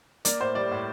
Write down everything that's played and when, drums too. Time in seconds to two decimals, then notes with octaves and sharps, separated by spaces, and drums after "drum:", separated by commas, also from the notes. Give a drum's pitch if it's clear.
0.25 A#3 D5, drum: hi-hat
0.41 A2 C5
0.55 G3 D5
0.72 A2